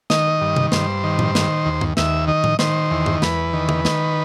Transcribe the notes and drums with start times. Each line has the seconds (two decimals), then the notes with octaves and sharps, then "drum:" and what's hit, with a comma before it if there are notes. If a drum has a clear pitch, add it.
0.10 D#3 D#5, drum: snare
0.41 G2
0.56 drum: tom C3
0.72 G2 C5, drum: snare
1.03 D#3
1.19 drum: tom A2
1.35 D#3, drum: snare
1.66 D#2
1.81 drum: tom G2
1.97 D#2 E5, drum: snare
2.28 D#3 D#5
2.44 drum: tom A2
2.59 D#3 C5, drum: snare
2.91 E2
3.06 drum: tom G2
3.22 E2 B4, drum: snare
3.53 D#3
3.69 drum: tom
3.85 D#3, drum: snare